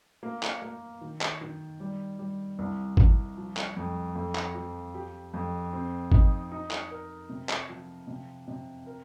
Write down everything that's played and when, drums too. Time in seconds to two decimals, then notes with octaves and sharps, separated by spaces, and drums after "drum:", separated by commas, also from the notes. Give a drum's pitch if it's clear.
0.23 A#3
0.43 drum: clap
0.62 A#3
1.01 D#3
1.21 drum: clap
1.41 D#3
1.80 G3
2.19 G3
2.59 C2
2.97 C2, drum: kick G#1
3.37 F3
3.57 drum: clap
3.76 F2
4.15 F2
4.35 drum: clap
4.54 F3
4.94 G4
5.34 F2
5.73 C4
6.12 D#4, drum: kick G#1
6.52 D#4
6.71 drum: clap
6.91 A#4
7.29 C3
7.49 drum: clap
7.69 F3
8.08 C3
8.48 C3
8.86 A#4